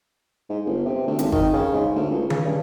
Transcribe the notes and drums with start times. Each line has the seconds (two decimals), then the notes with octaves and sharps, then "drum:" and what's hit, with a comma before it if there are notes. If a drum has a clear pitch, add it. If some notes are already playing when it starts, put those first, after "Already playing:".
0.49 G#2
0.66 G1
0.85 C3
1.07 D2
1.19 G#1, drum: hi-hat
1.32 D#3, drum: kick
1.53 C#3
1.73 G#2
1.95 D2
2.11 C#2
2.30 C#3, drum: tom D#3
2.45 G2